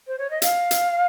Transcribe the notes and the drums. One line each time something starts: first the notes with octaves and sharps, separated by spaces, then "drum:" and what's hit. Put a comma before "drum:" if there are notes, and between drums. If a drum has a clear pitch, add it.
C5
C#5
D#5
F5, drum: hi-hat
drum: hi-hat